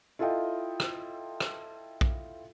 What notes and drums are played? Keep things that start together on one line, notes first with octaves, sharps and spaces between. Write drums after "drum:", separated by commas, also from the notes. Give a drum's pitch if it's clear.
E4 F4 A4 D#5 F5 G5
drum: rim click
drum: rim click
drum: kick